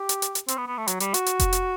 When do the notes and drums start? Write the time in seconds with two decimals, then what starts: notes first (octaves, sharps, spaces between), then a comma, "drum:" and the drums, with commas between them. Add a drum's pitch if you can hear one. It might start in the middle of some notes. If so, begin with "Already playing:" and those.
Already playing: G4
0.09 drum: hi-hat
0.22 drum: hi-hat
0.35 drum: hi-hat
0.48 C4, drum: hi-hat
0.58 B3
0.68 B3
0.78 A3
0.88 F#3, drum: hi-hat
1.00 G3, drum: hi-hat
1.14 F#4, drum: hi-hat
1.26 drum: hi-hat
1.40 drum: kick F1, hi-hat
1.53 drum: hi-hat